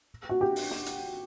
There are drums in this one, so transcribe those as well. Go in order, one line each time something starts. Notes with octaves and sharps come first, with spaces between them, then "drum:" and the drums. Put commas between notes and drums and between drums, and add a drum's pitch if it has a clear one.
F#4
G4
drum: open hi-hat
drum: snare
drum: hi-hat